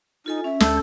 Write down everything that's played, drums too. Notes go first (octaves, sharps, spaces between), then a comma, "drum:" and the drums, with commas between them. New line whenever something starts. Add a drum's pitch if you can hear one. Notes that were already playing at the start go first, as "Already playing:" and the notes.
D#4 F4 A4 G#5
C#4 E5
D2 G#3 A4 G6, drum: snare